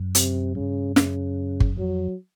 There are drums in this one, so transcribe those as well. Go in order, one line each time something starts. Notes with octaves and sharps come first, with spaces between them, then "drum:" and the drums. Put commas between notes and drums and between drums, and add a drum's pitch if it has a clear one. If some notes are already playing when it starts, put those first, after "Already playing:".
Already playing: F#2
C3, drum: hi-hat
G2 C#3
F#2 C#3, drum: snare
drum: kick G1
F2 F#3